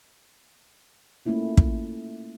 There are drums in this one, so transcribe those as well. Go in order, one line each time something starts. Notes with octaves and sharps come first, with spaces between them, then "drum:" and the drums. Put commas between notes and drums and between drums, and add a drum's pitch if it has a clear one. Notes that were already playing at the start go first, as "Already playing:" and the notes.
A3 A#3 C#4 E4 F4
drum: kick